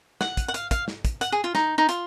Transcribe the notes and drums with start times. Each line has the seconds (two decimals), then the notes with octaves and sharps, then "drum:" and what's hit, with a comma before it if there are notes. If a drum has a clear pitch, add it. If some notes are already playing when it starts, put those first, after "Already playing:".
0.21 F#5, drum: snare
0.37 drum: kick, hi-hat
0.48 F#5
0.54 F5, drum: hi-hat
0.71 F5, drum: kick, hi-hat
0.88 drum: snare
1.05 drum: kick, hi-hat
1.21 F#5, drum: hi-hat
1.32 G#4
1.44 F4
1.55 D#4, drum: snare
1.78 D#4
1.89 F4, drum: hi-hat